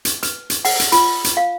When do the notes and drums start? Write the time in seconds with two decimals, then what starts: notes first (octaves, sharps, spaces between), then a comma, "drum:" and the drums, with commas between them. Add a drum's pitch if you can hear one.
0.05 drum: hi-hat
0.23 B4, drum: hi-hat
0.50 drum: hi-hat
0.65 F#5, drum: open hi-hat
0.80 drum: hi-hat
0.92 F4, drum: hi-hat
1.24 drum: hi-hat
1.37 F5